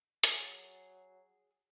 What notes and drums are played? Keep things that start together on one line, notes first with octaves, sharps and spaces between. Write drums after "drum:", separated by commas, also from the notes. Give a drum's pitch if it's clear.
F#3 G#4, drum: hi-hat